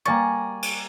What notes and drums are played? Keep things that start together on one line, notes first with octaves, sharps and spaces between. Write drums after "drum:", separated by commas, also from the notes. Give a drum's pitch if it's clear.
G3 A#3 D5 G#5 A#5 C#6 A6
drum: cymbal